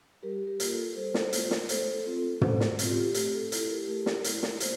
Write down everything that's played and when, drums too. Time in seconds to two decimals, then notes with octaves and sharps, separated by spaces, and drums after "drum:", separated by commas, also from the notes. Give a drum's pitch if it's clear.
0.23 G3 G4 A#4
0.47 G4 A#4
0.60 A#3 F4, drum: hi-hat
0.72 A4
0.96 G3 A4 C5
1.14 drum: snare
1.33 A#3 F4, drum: hi-hat
1.51 drum: snare
1.69 A3 A4 C5, drum: hi-hat
1.93 A4
2.05 C4 F4
2.18 A4
2.41 A3 A4 C5, drum: tom
2.60 drum: snare
2.79 C4 F4, drum: hi-hat
2.91 G4
3.14 A3 G4, drum: hi-hat
3.33 A4
3.52 E4 A4, drum: hi-hat
3.69 G4 A#4
3.88 A3 G4 A#4
4.06 drum: snare
4.24 E4, drum: hi-hat
4.43 drum: snare
4.60 A#3 C5, drum: hi-hat